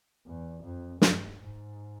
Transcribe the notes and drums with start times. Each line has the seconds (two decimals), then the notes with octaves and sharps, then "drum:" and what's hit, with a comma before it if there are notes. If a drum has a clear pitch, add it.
0.26 E2
0.64 F2
1.02 G2, drum: snare
1.39 G#2